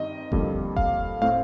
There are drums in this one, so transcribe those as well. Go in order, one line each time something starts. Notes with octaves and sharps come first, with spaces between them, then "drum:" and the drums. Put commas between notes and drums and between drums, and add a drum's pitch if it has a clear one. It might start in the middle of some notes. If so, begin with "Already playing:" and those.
Already playing: G2 D#3 G3 C4 D#5
F2 D3 G3 A#3, drum: kick F1
F5, drum: kick F1
A2 A3 C4 F5